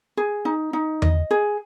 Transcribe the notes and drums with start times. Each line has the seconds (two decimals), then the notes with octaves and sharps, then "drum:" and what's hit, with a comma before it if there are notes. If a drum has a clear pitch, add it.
0.17 G#4
0.45 D#4
0.73 D#4
1.02 D#5, drum: tom E2
1.31 G#4